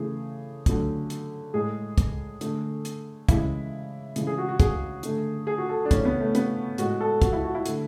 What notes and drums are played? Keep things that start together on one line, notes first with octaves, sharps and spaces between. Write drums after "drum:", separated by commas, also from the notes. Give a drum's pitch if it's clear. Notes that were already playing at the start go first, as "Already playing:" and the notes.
Already playing: C#3 E3 A3 G#4
D3 F#3 A3, drum: kick, hi-hat
drum: hi-hat
A2 G#3 G#4
drum: kick, hi-hat
D3 A3, drum: hi-hat
drum: hi-hat
C#3 E3 G#3 E4, drum: kick, hi-hat
C#3 E3 G#3, drum: hi-hat
G#4
F#4
F#4
G#4, drum: kick, hi-hat
D3 A3, drum: hi-hat
G#4
F#4
A4
D4
C#3 E3 A3 C#4, drum: kick, hi-hat
B3
A3
B3, drum: hi-hat
A2 G#3 F#4, drum: hi-hat
A4
F#4, drum: kick, hi-hat
E4
F#4
E4
D3 A3, drum: hi-hat